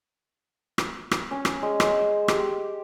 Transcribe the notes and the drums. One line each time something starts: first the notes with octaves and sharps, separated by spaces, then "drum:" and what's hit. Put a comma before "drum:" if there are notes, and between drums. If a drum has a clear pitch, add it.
drum: rim click
drum: rim click
C#4
drum: rim click
G#3
C5, drum: rim click
G4, drum: rim click